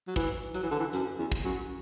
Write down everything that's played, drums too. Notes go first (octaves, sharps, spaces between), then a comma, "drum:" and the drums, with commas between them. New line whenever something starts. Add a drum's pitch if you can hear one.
F#3
E3, drum: kick, hi-hat
F#3, drum: hi-hat
E3
D3
E3
F#2, drum: hi-hat
E2
drum: kick, hi-hat
F#2